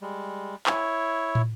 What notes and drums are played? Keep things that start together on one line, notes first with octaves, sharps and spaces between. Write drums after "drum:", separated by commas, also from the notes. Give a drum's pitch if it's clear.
G3 G#3
E4 C#5, drum: clap
drum: tom